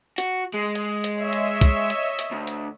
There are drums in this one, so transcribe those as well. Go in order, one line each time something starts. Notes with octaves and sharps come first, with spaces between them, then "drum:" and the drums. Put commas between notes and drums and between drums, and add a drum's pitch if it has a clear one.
F#4, drum: hi-hat
G#3
drum: hi-hat
drum: hi-hat
C#5 D#5 E5
drum: hi-hat
drum: kick, hi-hat
drum: hi-hat
drum: hi-hat
D2
drum: hi-hat